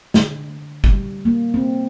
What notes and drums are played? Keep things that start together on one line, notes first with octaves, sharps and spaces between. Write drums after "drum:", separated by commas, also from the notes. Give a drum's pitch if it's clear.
D3, drum: snare
G3, drum: kick
A#3
C4